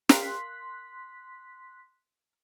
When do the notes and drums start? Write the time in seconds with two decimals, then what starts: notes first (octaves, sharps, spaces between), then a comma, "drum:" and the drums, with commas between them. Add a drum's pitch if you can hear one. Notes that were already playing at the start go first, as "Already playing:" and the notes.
0.09 A#4 F5 C6 F#6 B6, drum: snare